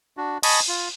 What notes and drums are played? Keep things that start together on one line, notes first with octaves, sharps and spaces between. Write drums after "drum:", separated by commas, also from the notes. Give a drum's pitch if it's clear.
D4 F#4
D#5 G#5 A5 B5 C#6 D#6, drum: cymbal
F4